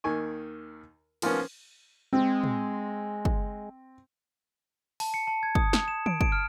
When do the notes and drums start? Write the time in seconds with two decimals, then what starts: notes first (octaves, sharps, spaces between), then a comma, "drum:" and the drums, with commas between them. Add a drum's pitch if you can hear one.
0.04 D#2 D#3 G#5 C#6
1.22 D#3 F3 A#3 B3 C#4, drum: cymbal
2.13 G#3 C4
2.44 drum: tom
3.25 drum: kick
5.00 A5, drum: open hi-hat
5.14 C#7
5.27 A5
5.43 G#6
5.55 D#6, drum: kick
5.73 D#6, drum: snare
5.88 E7
6.06 D7, drum: tom
6.21 D7, drum: kick
6.32 F6